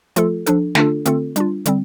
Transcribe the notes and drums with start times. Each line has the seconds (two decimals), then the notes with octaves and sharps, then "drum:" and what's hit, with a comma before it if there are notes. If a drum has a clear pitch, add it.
0.16 F3 A3 F4 A4, drum: hi-hat
0.46 F3 D4 A4, drum: hi-hat
0.75 D3 A3 D4 F4 A4, drum: snare
1.05 D3 A3 C4 F4 A4, drum: hi-hat
1.36 G3 D4 F4, drum: hi-hat
1.66 D3 G3 C4, drum: hi-hat